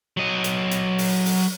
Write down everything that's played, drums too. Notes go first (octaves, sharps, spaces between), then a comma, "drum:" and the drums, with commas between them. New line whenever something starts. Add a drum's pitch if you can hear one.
F#3 D#5
drum: hi-hat
drum: hi-hat
drum: open hi-hat
drum: open hi-hat